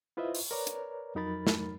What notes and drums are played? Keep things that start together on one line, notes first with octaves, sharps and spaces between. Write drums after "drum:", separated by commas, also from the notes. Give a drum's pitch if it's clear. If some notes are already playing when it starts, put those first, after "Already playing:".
E4 F4 B4 C5 D#5 E5
drum: open hi-hat
A#4 B4 C#5 D5 A#5
drum: hi-hat
F2 F#3 D#4 A#4 B5 A6
drum: snare